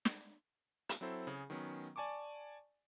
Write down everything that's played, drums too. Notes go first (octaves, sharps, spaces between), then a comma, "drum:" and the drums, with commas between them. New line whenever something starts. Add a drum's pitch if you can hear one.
drum: snare
drum: hi-hat
F#3 C4 E4 A4 C5
C#3 G#4
D#3 F#3 B3 C#4
D5 G#5 A5 C#6 D6